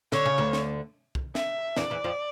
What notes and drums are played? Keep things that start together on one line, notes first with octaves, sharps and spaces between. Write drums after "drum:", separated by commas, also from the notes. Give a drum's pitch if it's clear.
D3 C#5, drum: snare
C#3
D2 D3
drum: snare
drum: kick
E5, drum: snare
E2 E3 D5, drum: snare
E2 E3
F2 F3